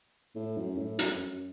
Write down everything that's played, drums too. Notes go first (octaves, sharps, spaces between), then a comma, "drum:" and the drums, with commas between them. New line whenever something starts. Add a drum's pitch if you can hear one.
A2
F#2
A2
F#2, drum: hi-hat
F#2